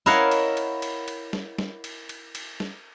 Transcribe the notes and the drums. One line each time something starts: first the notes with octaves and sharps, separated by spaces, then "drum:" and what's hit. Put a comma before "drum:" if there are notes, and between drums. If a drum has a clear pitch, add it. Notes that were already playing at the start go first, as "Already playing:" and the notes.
E4 A#4 C#5 D#5 F5 F#5, drum: snare
drum: cymbal
drum: cymbal
drum: cymbal
drum: cymbal
drum: snare
drum: snare
drum: cymbal
drum: cymbal
drum: cymbal
drum: snare